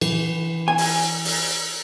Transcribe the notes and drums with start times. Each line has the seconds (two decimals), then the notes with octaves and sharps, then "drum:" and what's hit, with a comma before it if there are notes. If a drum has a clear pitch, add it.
0.01 E3, drum: cymbal
0.68 G#5
0.78 drum: open hi-hat
1.25 drum: open hi-hat